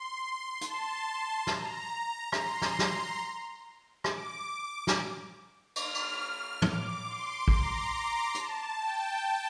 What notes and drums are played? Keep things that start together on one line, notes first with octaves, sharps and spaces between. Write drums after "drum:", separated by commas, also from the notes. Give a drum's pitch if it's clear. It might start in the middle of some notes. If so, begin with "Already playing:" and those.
Already playing: C6
A5, drum: hi-hat
A#5, drum: snare
C6, drum: rim click
drum: snare
drum: snare
D6, drum: rim click
drum: snare
F6, drum: cymbal
drum: cymbal
D6, drum: tom
C6
A#5, drum: kick
A#5
A5, drum: hi-hat
G5